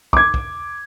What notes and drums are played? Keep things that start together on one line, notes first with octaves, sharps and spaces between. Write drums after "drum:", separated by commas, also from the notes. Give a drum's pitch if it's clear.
D6 G#6, drum: kick
drum: kick